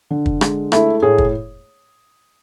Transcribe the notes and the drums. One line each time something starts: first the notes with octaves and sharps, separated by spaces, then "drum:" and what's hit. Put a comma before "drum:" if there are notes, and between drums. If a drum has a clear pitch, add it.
D3
drum: kick
G#3, drum: rim click
A3 E4, drum: rim click
A2 G#4
drum: kick